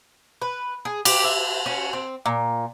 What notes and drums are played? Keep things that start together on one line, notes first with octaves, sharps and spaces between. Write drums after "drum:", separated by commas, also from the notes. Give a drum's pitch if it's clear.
B4
G#4
G4, drum: cymbal
E5
C#4
C4
A#2